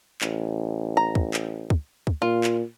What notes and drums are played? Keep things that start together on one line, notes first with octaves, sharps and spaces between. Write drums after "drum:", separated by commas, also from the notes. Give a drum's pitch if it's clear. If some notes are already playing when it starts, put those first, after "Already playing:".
A1, drum: clap
A#5
drum: kick
drum: clap
drum: kick
drum: kick
A#2 F4
drum: clap